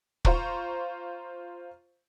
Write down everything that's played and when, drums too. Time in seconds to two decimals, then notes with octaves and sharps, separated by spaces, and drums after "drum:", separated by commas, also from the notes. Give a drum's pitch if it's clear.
0.25 F4 C5 A#5 C#6, drum: kick